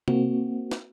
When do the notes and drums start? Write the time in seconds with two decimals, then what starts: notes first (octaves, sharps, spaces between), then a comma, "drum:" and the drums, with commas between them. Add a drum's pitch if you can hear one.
0.08 A#3 C4 F#4, drum: tom C3
0.71 drum: snare